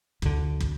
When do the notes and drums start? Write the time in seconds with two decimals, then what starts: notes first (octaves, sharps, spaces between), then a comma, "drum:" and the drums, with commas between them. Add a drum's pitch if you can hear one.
0.22 D2 D3, drum: kick
0.60 drum: kick